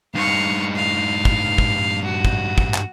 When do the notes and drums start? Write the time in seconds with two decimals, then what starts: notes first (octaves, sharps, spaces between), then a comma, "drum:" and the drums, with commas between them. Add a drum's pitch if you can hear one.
0.14 G2 D#4 F5 C#6
0.76 F5
1.25 drum: kick
1.58 drum: kick
2.05 F#4
2.25 drum: kick
2.58 drum: kick
2.74 drum: clap